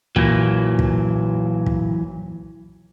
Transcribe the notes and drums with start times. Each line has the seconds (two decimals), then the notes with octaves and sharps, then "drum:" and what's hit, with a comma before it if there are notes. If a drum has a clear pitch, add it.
0.16 A#2 E3 F#3, drum: kick
0.79 drum: kick
1.66 drum: kick